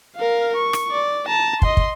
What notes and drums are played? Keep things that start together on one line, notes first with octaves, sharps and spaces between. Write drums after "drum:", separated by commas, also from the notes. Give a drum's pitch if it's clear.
A#4 F5
C#6
drum: rim click
D5
A5 A#5
D#5 C6, drum: kick
drum: kick